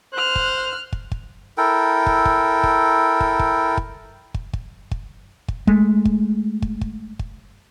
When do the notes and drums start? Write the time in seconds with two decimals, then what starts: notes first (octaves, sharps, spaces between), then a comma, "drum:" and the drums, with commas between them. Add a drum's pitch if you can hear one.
0.14 C5 F6 F#6
0.36 drum: kick
0.92 drum: kick
1.11 drum: kick
1.58 E4 A4 A#4 G5
2.06 drum: kick
2.25 drum: kick
2.63 drum: kick
3.20 drum: kick
3.39 drum: kick
3.77 drum: kick
4.34 drum: kick
4.53 drum: kick
4.91 drum: kick
5.48 drum: kick
5.67 G#3 A3, drum: kick
6.05 drum: kick
6.62 drum: kick
6.81 drum: kick
7.19 drum: kick